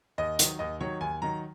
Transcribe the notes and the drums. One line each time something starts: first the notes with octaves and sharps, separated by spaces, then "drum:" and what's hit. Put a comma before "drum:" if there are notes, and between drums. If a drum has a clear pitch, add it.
D#2 D#5
D#3 F#3, drum: hi-hat
D#2 D#5
D#3 F#3 C#5
D#2 G#5
D#3 F#3 A#5